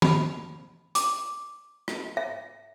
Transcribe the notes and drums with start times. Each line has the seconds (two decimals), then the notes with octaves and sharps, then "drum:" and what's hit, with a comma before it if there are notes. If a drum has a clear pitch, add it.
0.02 B5, drum: tom D#3
0.95 D6, drum: hi-hat
1.88 drum: rim click
2.17 E5